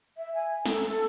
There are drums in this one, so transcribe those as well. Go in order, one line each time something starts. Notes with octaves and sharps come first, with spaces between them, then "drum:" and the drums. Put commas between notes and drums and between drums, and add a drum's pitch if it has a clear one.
E5
G#5
A4, drum: snare
A4